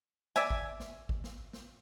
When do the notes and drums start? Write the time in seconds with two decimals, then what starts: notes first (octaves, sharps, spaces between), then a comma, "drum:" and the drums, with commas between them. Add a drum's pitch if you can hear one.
0.36 D5 E5 G#5, drum: snare
0.50 drum: kick G#1
0.80 drum: snare
1.09 drum: kick G#1
1.24 drum: snare
1.53 drum: snare